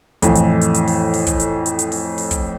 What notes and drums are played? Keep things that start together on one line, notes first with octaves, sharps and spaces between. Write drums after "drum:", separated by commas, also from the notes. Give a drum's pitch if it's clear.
F2 A2 E3, drum: kick, hi-hat
drum: hi-hat
drum: hi-hat
drum: hi-hat
drum: open hi-hat
drum: open hi-hat
drum: kick, hi-hat
drum: hi-hat
drum: hi-hat
drum: hi-hat
drum: open hi-hat
drum: open hi-hat
drum: kick, hi-hat